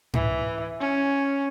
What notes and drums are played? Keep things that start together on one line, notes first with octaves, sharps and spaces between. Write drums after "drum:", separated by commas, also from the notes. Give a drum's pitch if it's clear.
E3, drum: tom G#2
C#4